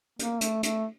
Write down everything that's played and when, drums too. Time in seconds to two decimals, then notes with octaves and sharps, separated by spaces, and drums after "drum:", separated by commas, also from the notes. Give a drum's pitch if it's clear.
0.19 A#3, drum: hi-hat
0.41 A3, drum: hi-hat
0.63 A3, drum: hi-hat